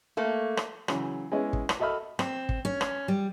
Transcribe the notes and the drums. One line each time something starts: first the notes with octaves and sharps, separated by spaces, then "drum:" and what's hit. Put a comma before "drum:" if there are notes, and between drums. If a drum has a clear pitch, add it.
A3 A#3
drum: rim click
C#3 E3 F#3, drum: rim click
G#3 B3 C#4 E4 B4 D#5
drum: kick
drum: rim click
F#4 A4 D#5 E5 B5 F6
C4, drum: rim click
drum: kick
C#4
drum: rim click
G3